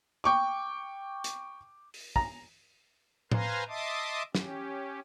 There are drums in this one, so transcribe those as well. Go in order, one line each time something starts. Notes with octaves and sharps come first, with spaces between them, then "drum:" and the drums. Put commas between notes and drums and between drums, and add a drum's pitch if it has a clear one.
G5 C#6 D6
drum: hi-hat
drum: open hi-hat
A#5, drum: kick
B4 C5 F5 G#5 A#5 C6, drum: tom A2
D#5 E5 A5 C6 D6 D#6
C#4 G4, drum: snare